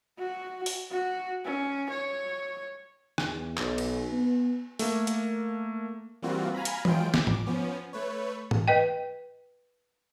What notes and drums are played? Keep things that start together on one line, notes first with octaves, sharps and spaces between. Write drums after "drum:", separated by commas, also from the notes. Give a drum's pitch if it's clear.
F#4
drum: open hi-hat
F#4
C#4
C#5
E2, drum: rim click
B1, drum: clap
drum: cymbal
B3
A3 A#3, drum: open hi-hat
drum: hi-hat
E3 G3 A#3 C4 F4 F#4
F5 G#5 A#5 B5
drum: hi-hat
E3 F#3 G#3 F4 G5 D7, drum: tom E3
D6, drum: snare
drum: tom G#2
F3 B3 C#4
A3 B4 C#5
drum: tom G#2
B4 D#5 G5